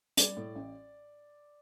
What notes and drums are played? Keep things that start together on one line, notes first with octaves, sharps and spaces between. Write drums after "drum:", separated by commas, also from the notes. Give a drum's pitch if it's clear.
G3 D5, drum: hi-hat
A2
A1